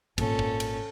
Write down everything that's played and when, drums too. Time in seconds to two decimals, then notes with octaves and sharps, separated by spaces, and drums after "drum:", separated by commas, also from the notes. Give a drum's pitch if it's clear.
0.18 G#1 A#2 C#4 A4, drum: kick, cymbal
0.39 drum: kick
0.60 drum: cymbal